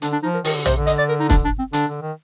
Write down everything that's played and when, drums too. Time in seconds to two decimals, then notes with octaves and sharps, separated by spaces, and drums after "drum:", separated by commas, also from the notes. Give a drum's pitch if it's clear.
0.02 D3 D4, drum: hi-hat
0.12 D4
0.23 F3 D#4
0.34 A#4
0.45 D#3 A#4, drum: open hi-hat
0.55 D3
0.66 C3 C5, drum: tom A#1
0.77 D3
0.87 D#5, drum: hi-hat
0.98 D5
1.09 A#4
1.20 D#4
1.30 D4, drum: kick, hi-hat
1.45 D4
1.59 C4
1.73 D3 D4, drum: hi-hat
1.88 D3
2.02 D#3